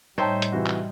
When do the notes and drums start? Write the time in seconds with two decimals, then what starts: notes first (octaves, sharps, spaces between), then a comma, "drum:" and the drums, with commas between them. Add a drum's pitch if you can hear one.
0.18 A2 G3 D#4 C5 C#5 E5 G5 A5
0.42 drum: hi-hat
0.52 C3 E3 F#4
0.67 drum: clap